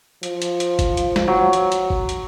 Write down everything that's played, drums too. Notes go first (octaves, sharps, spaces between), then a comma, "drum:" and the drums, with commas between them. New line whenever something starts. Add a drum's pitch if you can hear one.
F3, drum: hi-hat
drum: hi-hat
drum: hi-hat
drum: kick G1, hi-hat
drum: hi-hat
drum: snare
F#3
drum: hi-hat
drum: hi-hat
drum: kick G1
drum: hi-hat